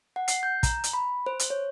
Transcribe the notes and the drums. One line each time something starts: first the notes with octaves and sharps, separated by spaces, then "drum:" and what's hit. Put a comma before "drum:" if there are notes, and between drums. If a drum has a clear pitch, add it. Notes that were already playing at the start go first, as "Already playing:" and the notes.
F#5
C7, drum: hi-hat
G6
A#5, drum: kick, hi-hat
drum: hi-hat
B5
C5
drum: hi-hat
C#5